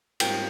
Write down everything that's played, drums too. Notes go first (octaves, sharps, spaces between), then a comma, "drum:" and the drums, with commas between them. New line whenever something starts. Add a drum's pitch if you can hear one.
G#2 G3 C4 F4 A#4 G5, drum: cymbal